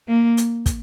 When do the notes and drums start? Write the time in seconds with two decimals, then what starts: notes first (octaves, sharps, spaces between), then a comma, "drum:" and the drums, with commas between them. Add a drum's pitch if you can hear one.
0.08 A#3
0.37 drum: hi-hat
0.66 drum: kick, hi-hat